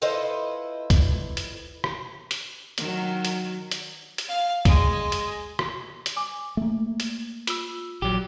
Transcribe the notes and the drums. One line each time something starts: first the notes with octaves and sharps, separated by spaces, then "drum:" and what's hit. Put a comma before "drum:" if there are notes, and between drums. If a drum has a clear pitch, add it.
E4 F4 A4 B4 C5 D#5
drum: kick, hi-hat
drum: hi-hat
drum: rim click
drum: hi-hat
D#3 F#3, drum: hi-hat
drum: hi-hat
drum: hi-hat
drum: hi-hat
F5
G#3, drum: kick, hi-hat
drum: hi-hat
drum: rim click
drum: hi-hat
G#5 D6
A3 A#3
drum: hi-hat
F4 E6, drum: hi-hat
A#1 F#3 G4